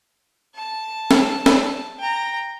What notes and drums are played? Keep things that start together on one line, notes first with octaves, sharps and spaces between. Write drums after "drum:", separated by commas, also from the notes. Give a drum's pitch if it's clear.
A5
drum: snare
drum: snare
G5 A#5